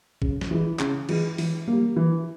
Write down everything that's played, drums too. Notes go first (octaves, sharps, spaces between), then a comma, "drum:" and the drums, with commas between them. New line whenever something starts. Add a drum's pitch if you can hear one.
C#3, drum: kick A#1
drum: snare
E3 G#3 E4
C#3, drum: clap
E3 G#3 E4, drum: cymbal
E3, drum: open hi-hat
G3 A#3
E3